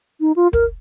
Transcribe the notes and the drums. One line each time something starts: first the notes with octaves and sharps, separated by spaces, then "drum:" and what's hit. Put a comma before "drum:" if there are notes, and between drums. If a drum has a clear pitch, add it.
D#4
F4
A#4, drum: kick